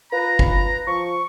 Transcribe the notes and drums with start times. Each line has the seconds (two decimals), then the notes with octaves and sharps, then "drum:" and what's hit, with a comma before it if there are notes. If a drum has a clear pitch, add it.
0.12 F4 B4 A#5
0.39 drum: kick
0.87 F3 C#6